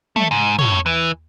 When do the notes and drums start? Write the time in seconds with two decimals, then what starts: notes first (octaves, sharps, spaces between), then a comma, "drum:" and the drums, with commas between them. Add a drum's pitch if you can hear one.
0.16 A3, drum: tom
0.31 G#2
0.59 G2 C#5, drum: tom
0.86 E3